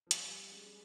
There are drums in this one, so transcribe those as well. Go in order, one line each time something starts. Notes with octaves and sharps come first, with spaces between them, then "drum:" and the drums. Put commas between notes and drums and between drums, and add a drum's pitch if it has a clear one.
F3
G3, drum: hi-hat
G#3
G3